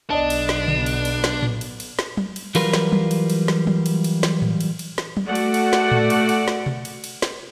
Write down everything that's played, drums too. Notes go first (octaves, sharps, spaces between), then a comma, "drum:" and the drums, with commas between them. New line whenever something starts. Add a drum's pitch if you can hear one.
B1 B3 D4 D5 D#5 A5
drum: cymbal
drum: snare
drum: tom C#3
drum: cymbal
drum: cymbal
drum: snare
drum: tom A2
drum: cymbal
drum: cymbal
drum: snare
drum: tom
drum: cymbal
E3 F#3 G3 F4 A#4 B4, drum: cymbal
drum: snare
drum: tom
drum: cymbal
drum: cymbal
drum: snare
drum: tom
drum: cymbal
drum: cymbal
drum: snare
drum: tom A2
drum: cymbal
drum: cymbal
drum: snare
drum: tom
A3 F#4 D5 F#5
drum: cymbal
drum: cymbal
drum: snare
drum: tom A2
drum: cymbal
drum: cymbal
drum: snare
drum: tom B2
drum: cymbal
drum: cymbal
drum: snare